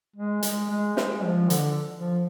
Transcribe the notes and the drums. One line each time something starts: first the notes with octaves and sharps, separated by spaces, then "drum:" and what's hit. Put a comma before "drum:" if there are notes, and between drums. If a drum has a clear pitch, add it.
G#3
G#3, drum: hi-hat
G#3
G#3, drum: snare
F3
D3, drum: hi-hat
F3